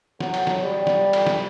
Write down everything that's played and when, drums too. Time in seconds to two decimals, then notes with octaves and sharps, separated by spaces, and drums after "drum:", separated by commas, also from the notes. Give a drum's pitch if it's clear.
0.20 F#3, drum: snare
0.34 drum: cymbal
0.47 drum: snare
0.64 G3
0.87 drum: snare
1.13 drum: cymbal
1.27 drum: snare